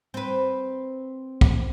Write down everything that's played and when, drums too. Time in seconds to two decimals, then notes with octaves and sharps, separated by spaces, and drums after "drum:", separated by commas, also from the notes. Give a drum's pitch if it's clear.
0.14 C4 B4
1.41 drum: kick